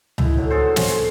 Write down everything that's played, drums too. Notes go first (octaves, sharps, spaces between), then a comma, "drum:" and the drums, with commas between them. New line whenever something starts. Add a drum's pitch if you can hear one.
G#3 D#4 E4, drum: tom C#2
D3 F#3
B3 G#4 A4 C5
C#4 C5, drum: snare